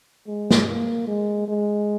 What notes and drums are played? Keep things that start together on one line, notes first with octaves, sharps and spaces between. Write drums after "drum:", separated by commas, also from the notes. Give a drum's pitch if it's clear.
G#3
drum: snare
A#3
G#3
G#3